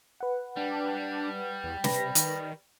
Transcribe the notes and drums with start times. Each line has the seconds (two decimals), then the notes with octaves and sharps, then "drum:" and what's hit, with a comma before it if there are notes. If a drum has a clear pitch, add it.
0.21 B4 F#5
0.57 G3 D4
1.64 E2
1.84 C3 B4 B5 A#6, drum: snare
2.15 D#3, drum: hi-hat